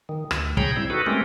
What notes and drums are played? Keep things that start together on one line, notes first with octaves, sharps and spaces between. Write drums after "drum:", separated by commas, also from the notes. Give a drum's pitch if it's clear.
D#3
D2, drum: rim click
G#4 C#5 G5 A#5 B5 G6, drum: kick
G3 C4 E4
D#4 F#4 A4 B4
G#3 A3 C4 C#4 G4 A#4